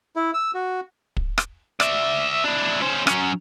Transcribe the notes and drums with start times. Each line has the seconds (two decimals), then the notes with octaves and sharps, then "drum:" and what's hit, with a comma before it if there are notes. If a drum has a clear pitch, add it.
0.16 E4
0.34 E6
0.54 F#4
1.17 drum: kick
1.38 drum: rim click
1.80 D5 E5, drum: rim click
2.45 D4 E4
2.82 C#4 C5
3.07 F#3 C#4, drum: rim click